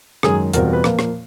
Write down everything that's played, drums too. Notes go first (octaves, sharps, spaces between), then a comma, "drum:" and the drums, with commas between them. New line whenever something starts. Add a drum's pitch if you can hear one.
F#2 D#3 G#3 G#4, drum: rim click
E2 B2 G3 C4 F4 A#4, drum: hi-hat
A#4
B4
A#2 F3 A#3, drum: rim click
drum: rim click